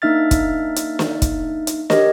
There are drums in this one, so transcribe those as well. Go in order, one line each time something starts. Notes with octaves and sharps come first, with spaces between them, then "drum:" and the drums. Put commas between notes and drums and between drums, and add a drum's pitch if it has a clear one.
A#3 D4 D#4 E5 F6 A6
drum: kick, hi-hat
drum: hi-hat
drum: snare
drum: kick, hi-hat
drum: hi-hat
G4 A#4 C#5 D#5, drum: snare